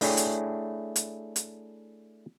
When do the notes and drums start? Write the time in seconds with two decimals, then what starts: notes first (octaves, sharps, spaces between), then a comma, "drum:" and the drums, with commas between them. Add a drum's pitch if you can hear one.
0.01 A3 D4 E4 G#4 C#5 G5, drum: open hi-hat
0.17 drum: hi-hat
0.96 drum: hi-hat
1.36 drum: hi-hat